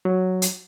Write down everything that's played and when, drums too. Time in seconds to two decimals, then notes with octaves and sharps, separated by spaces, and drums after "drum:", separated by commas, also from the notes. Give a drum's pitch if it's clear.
0.05 F#3
0.42 drum: hi-hat